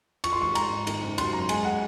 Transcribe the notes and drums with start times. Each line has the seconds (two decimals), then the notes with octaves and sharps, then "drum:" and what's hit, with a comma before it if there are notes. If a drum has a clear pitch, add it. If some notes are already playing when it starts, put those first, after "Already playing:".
0.24 F3 C#6, drum: cymbal
0.33 C6
0.40 G#1 C#6
0.55 G#1 A#5, drum: cymbal
0.71 G#2
0.87 D#3, drum: cymbal
1.02 F#1
1.18 F#3 C6, drum: cymbal
1.33 F#2 A#5
1.49 G#3 G#5, drum: cymbal
1.65 F#5